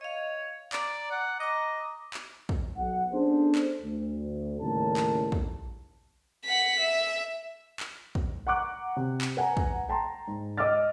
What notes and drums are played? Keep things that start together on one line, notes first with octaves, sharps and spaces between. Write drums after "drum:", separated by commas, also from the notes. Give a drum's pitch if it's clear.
C#5 D#5 F5
D5 A#5 D6, drum: clap
F#5
D#5 A#5 D6
drum: clap
drum: kick
B1 F#5
B3 C#4 D4 G#4 A4 C5
drum: clap
D2
D#2 A2 C#3 G3 A#4 A5
drum: clap
drum: kick
F#5 B6
E5
drum: clap
drum: kick
F#5 A#5 C#6 D6 F#6
C3
drum: clap
B4 F#5 G#5 A#5
drum: kick
G5 A5 A#5 C6
G#2
D#5 D6 E6 F6 A6